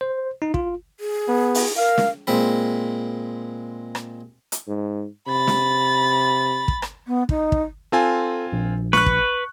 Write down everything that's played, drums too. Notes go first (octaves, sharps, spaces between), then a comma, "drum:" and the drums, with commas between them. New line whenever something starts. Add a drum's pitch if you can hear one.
C5
D#4
F4, drum: kick
G#4
B3
drum: open hi-hat
A#4 F5
drum: snare
A#2 G#3 C4 B5
drum: rim click
drum: hi-hat
G#2
C3 B5 A6
drum: snare
drum: kick
drum: rim click
B3
D#4, drum: kick
drum: kick
C4 F4 A4 G#5
A#1
B4 C#6 F#6, drum: snare
drum: kick